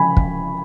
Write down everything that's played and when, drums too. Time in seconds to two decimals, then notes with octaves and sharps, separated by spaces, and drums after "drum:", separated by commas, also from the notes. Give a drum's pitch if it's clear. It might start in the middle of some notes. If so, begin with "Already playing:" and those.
Already playing: C#3 F3 G#5 B5
0.17 drum: kick